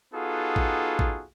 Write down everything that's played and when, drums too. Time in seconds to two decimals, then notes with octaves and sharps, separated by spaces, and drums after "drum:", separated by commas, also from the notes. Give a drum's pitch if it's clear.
0.13 B3 D#4 F4 F#4 G#4 A4
0.56 drum: kick A1
0.99 drum: kick A1